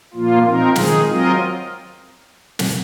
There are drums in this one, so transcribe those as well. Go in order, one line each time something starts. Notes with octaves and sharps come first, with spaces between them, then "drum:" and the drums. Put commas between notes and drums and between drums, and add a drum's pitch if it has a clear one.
A#2 F3 A#3 F4
F3 C4 D#4 A#4
D#3 G#3 D#4 G#4, drum: snare
F#3 C4 F4 A#4 D#5
drum: snare